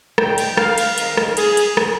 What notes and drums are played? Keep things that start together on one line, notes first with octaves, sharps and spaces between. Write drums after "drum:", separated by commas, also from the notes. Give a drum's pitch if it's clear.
A#2 F3 G#3 D4 G5, drum: rim click
drum: cymbal
F5, drum: rim click
drum: cymbal
D#3 G#3 C4 D#4 A#4, drum: cymbal
drum: rim click
G#4, drum: cymbal
drum: cymbal
drum: rim click